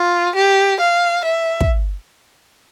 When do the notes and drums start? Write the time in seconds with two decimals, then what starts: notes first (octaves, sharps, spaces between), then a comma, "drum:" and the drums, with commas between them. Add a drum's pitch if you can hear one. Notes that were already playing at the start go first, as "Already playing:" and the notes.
Already playing: F4
0.36 G4
0.81 F5
1.26 E5
1.61 drum: kick